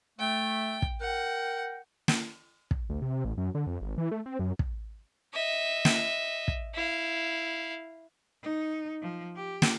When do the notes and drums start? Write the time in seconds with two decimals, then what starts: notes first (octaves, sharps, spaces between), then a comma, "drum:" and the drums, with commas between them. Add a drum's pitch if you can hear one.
0.19 A3 G5
0.82 drum: kick
1.01 A#4 F#5 G5
2.08 drum: snare
2.71 drum: kick
2.89 D2
3.02 C3
3.25 A1
3.37 F#2
3.55 D3
3.67 F2
3.81 G#1
3.98 E3
4.11 A3
4.26 C4
4.39 F#2
4.59 drum: kick
5.34 D#5 E5
5.85 drum: snare
6.48 drum: kick
6.74 E4 F5
8.43 D#4
9.02 F3
9.36 G4
9.62 drum: snare